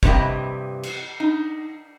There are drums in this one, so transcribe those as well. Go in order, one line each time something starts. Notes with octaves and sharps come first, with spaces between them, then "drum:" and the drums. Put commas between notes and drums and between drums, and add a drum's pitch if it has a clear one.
G2 C3 E3 C#4 D#5 G5, drum: kick
drum: cymbal
D#4